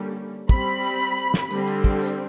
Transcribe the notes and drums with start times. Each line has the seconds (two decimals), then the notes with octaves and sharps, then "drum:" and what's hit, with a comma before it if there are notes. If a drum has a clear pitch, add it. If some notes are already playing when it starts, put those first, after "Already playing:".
Already playing: D3 G3 A#3 C#4
0.49 G3 C4 B5, drum: kick, tambourine
0.83 drum: tambourine
1.00 drum: tambourine
1.17 drum: tambourine
1.34 drum: snare
1.51 D3 G3 C4, drum: tambourine
1.67 drum: tambourine
1.84 drum: kick
2.01 drum: tambourine